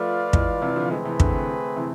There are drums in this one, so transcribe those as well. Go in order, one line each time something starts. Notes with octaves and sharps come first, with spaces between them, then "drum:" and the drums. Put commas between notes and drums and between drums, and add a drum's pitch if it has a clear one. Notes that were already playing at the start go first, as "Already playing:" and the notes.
Already playing: F3 A3 F4 B4 D5 F5
E3 G#3, drum: kick
C3 E3
D3 F3
E3 G#3 A3 C4 G#4 B4
C3 E3
D3, drum: kick
C3 E3